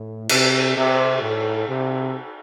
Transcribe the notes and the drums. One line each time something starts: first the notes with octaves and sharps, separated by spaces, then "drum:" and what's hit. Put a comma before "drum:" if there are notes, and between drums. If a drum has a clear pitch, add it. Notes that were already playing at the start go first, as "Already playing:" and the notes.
Already playing: A2
C3, drum: cymbal
C3
A2
C3